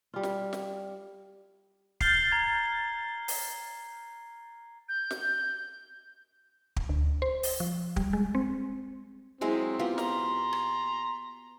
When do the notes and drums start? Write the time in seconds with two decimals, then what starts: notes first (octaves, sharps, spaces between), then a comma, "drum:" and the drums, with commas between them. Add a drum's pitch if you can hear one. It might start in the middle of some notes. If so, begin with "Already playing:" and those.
0.14 G3 F4
0.23 drum: snare
0.53 drum: snare
2.01 F6 G6 A6 C7 G7, drum: kick
2.31 A#5 G#6
3.28 drum: open hi-hat
4.89 G6
5.11 drum: snare
6.76 drum: kick
6.89 D2
7.22 C5
7.43 drum: open hi-hat
7.60 F3
7.96 G3, drum: kick
8.13 G#3
8.35 C4
9.41 F#3 G#3 C4 E4
9.79 B3 F4 G4
9.98 A#5 C6, drum: snare
10.53 drum: rim click